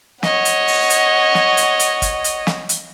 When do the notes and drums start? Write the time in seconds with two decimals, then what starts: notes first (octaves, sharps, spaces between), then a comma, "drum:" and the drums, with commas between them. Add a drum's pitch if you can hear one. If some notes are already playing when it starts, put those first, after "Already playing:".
0.23 C#5 D#5 F#5, drum: snare
0.45 drum: hi-hat
0.68 drum: open hi-hat
0.90 drum: hi-hat
1.35 drum: snare
1.57 drum: hi-hat
1.79 drum: hi-hat
2.02 drum: kick, hi-hat
2.24 drum: hi-hat
2.47 drum: snare
2.69 drum: hi-hat